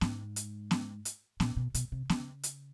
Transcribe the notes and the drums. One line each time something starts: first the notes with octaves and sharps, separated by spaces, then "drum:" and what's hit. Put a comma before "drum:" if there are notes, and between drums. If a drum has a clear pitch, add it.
G#2, drum: snare B3
drum: hi-hat
drum: snare B3
drum: hi-hat
A#2, drum: snare B3
B2
B2, drum: hi-hat
C3
C#3, drum: snare B3
drum: hi-hat